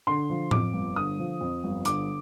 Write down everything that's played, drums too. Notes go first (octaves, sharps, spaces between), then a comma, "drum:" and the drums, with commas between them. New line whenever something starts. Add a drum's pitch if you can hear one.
D3 C6
F3
F2 D6, drum: tom A2
G1
D3 D#6
F3
F2
G1
D3 D6, drum: hi-hat